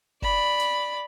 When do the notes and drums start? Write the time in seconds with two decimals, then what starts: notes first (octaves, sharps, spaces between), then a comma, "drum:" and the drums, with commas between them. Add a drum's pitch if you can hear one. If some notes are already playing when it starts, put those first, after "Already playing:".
0.22 D5 B5, drum: kick
0.60 drum: hi-hat